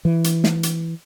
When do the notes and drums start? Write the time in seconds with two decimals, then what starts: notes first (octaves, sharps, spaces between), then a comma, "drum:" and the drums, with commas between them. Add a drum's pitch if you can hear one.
0.05 E3
0.24 drum: hi-hat
0.44 drum: snare
0.63 drum: hi-hat